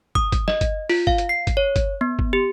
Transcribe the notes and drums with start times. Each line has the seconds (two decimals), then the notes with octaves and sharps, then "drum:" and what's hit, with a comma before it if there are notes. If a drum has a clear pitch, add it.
0.15 D#6, drum: kick
0.32 drum: kick, hi-hat
0.48 D#5, drum: snare
0.61 drum: kick, hi-hat
0.90 F4, drum: open hi-hat
1.07 F5, drum: kick
1.18 drum: hi-hat
1.29 C7
1.47 drum: kick, hi-hat
1.57 C#5
1.76 drum: kick, hi-hat
2.01 B3
2.19 drum: kick
2.33 G4